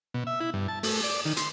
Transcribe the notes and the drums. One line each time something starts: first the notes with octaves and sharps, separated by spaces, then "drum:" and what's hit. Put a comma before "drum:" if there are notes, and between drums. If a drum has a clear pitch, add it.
B2
E5
E4
G2
A5
A3, drum: open hi-hat
D5
D#3
C6, drum: hi-hat